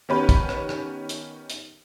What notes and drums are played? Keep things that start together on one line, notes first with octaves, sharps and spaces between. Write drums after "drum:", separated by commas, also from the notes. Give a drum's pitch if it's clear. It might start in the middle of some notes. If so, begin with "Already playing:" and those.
D#3 B3 C#4 G4 B4
drum: kick, hi-hat
drum: rim click
drum: rim click
drum: hi-hat
drum: hi-hat